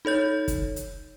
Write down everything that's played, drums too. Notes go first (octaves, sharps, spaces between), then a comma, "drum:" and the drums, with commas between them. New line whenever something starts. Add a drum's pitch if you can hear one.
D#4 A4 C#5 G6
drum: kick, hi-hat
drum: hi-hat